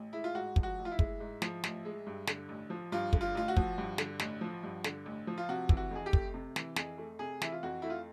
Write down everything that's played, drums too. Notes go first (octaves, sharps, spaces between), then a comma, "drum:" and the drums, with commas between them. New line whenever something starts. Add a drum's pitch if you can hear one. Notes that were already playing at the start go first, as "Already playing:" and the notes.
Already playing: A1
G#3 E4
F4
G#2 F#4
F3, drum: kick
F#4
A1
F4
E4
G#3, drum: kick
G#2
F3, drum: snare
A1, drum: snare
G#3
G2
D3, drum: snare
A1
F3
G2 F4
D3, drum: kick
F4
A1 F4
F#4
F3, drum: kick
G2
D3, drum: snare
A1, drum: snare
F3
G2
D3, drum: snare
A1
F3
F4
C3 F#4
E3, drum: kick
F#4
F2 G#4
G4
A3, drum: kick
C3
E3, drum: snare
F2 G#4, drum: snare
A3
C3 G#4
E3 E4, drum: snare
F4
F2 F#4
A3 E4
F4